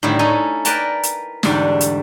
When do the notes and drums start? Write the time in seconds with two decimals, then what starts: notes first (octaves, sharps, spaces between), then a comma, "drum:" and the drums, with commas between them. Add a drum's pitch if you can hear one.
0.03 A2 D3 D#3 G3 E4
0.19 C#4 D#4 E4 A4 G#5
0.65 A#4 B4 D5 G5 A5 A#5, drum: hi-hat
1.03 drum: hi-hat
1.43 E2 G#2 D3 G3 A3 D4, drum: snare
1.81 drum: hi-hat